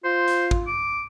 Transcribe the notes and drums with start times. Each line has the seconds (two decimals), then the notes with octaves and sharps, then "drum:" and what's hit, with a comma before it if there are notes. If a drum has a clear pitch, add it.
0.04 F4 C5
0.28 drum: hi-hat
0.51 drum: kick
0.67 D6